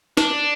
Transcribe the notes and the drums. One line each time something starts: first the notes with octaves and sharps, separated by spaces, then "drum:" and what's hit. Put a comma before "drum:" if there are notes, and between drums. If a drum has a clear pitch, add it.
D4, drum: snare D#4